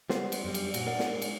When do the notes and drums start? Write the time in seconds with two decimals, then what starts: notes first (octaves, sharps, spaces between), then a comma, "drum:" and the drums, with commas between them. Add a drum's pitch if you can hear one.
0.10 G3 B3 C5, drum: snare
0.32 drum: cymbal
0.45 F#2 G3
0.54 drum: cymbal
0.74 A#2 F#4, drum: cymbal
0.86 A#3 A#4 D5 F#5
0.99 drum: snare
1.10 G#3
1.22 drum: cymbal